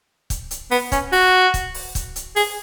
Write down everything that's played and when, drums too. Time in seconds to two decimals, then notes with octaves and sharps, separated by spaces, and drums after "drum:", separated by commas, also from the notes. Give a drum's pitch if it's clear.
0.30 drum: kick, hi-hat
0.51 drum: hi-hat
0.71 B3, drum: open hi-hat
0.92 C#4, drum: kick, hi-hat
1.12 F#4, drum: open hi-hat
1.54 drum: kick, hi-hat
1.74 drum: open hi-hat
1.95 drum: kick, hi-hat
2.16 drum: hi-hat
2.36 G#4, drum: open hi-hat